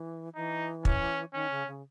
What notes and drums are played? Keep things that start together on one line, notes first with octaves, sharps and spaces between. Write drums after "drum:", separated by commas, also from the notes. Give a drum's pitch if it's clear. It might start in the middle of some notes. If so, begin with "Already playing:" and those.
Already playing: E3
E3 D#4
C#4, drum: kick
D#3 C#4
C#3
C#3